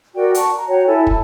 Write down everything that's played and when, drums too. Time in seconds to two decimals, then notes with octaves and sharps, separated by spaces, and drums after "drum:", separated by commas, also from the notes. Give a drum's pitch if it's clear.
0.15 F#4 A#4 D5 G5
0.35 F#5 A5 C#6, drum: hi-hat
0.55 A#5
0.69 F#4 C#5 G5
0.87 E4 A4 G#5
1.07 A5, drum: kick